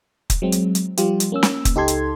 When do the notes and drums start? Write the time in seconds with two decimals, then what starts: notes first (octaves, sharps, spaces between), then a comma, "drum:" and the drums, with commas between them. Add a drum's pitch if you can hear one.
0.30 drum: kick, hi-hat
0.42 F#3 G#3 C4
0.52 drum: hi-hat
0.75 drum: hi-hat
0.97 F3 G3 F4 G4, drum: hi-hat
1.20 drum: hi-hat
1.32 A#3 C#4 E6
1.43 drum: snare
1.65 drum: kick, hi-hat
1.75 C#2 D#4 G4 A4 C6 G#6
1.88 drum: hi-hat